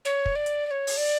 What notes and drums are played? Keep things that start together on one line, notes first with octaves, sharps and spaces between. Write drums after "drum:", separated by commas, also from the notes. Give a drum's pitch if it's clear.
C#5, drum: hi-hat
drum: kick
D5
drum: hi-hat
D5
C#5
drum: open hi-hat
D5